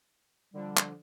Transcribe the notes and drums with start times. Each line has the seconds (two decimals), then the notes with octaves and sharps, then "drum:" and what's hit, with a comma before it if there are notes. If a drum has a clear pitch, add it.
0.54 D3 F3 G3 D4
0.77 drum: clap